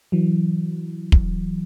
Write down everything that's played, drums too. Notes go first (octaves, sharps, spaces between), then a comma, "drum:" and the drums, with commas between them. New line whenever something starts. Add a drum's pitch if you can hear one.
E3 F#3
drum: kick